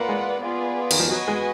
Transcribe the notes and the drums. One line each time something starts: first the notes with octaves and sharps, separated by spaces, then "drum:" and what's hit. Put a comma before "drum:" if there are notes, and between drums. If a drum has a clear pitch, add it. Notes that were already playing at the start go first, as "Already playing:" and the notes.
Already playing: A#3 F4 B4 D5 F#5
G#3
B3 F4 G#4 B4 D5
D#3, drum: cymbal
F3
F#3 F#4 B4 D#5 G#5
G#3